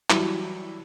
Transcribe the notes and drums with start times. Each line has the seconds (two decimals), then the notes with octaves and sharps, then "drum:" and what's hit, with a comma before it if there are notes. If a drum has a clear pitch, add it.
0.10 E3 F#3 G3 E4, drum: clap